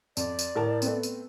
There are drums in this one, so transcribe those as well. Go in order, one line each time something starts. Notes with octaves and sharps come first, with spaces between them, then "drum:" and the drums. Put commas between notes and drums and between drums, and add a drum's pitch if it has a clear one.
F2 D5, drum: tambourine
drum: tambourine
A2 A#4 A5
A3 B3 C4, drum: tambourine
drum: tambourine